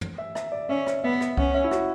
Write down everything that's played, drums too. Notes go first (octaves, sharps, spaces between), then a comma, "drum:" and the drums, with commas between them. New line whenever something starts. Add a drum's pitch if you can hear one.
drum: tom
E5
E5, drum: rim click
D5
C#4 E5
drum: rim click
B3 E5
drum: rim click
C#4 F#5, drum: kick C2
E5
E4
F#4, drum: rim click